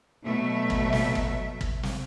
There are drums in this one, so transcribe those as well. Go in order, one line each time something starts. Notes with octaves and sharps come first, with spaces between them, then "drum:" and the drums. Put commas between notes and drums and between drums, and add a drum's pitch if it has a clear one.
B2 F#3 A3 E5
drum: kick
drum: snare
drum: kick
drum: kick
drum: snare